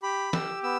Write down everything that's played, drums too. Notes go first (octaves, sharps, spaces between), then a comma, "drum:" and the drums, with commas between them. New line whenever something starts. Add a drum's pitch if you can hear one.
G4 B5
G4 E6, drum: snare
B3 E6